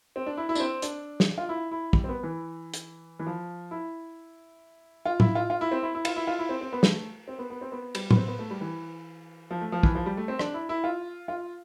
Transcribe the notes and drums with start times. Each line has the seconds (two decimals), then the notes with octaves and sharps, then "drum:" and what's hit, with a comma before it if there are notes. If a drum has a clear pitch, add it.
0.16 C4
0.26 D4
0.37 E4
0.49 E4
0.55 D4, drum: tambourine
0.60 C4
0.82 D4, drum: hi-hat
1.20 drum: snare
1.38 F4
1.49 E4
1.71 E4
1.93 G3, drum: kick
2.04 C4
2.09 B3
2.23 E3
2.74 drum: hi-hat
3.20 E3
3.27 F3
3.71 E4
5.05 F4
5.20 E4, drum: tom A2
5.35 F4
5.50 F4
5.61 E4
5.72 C4
5.83 E4
5.95 E4
6.05 F4, drum: cymbal
6.16 E4
6.27 F4
6.39 E4
6.49 C4
6.61 C4
6.72 B3
6.83 A3, drum: snare
7.28 C4
7.39 B3
7.50 B3
7.61 C4
7.72 B3
7.95 G3, drum: cymbal
8.11 B3, drum: tom A2
8.17 C4
8.28 B3
8.39 A3
8.50 G3
8.61 E3
9.51 F3
9.61 A3
9.72 F3
9.83 E3, drum: kick
9.95 F3
10.06 G3
10.17 A3
10.28 C4
10.39 D4, drum: rim click
10.54 E4
10.69 E4
10.84 F4
11.28 F4